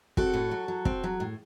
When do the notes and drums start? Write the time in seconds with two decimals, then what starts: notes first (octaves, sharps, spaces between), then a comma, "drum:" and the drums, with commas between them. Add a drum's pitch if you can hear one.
0.17 C4 F#4 A4, drum: kick
0.33 A2
0.51 F#3
0.68 F#3
0.85 C4, drum: kick
1.04 F#3
1.20 A2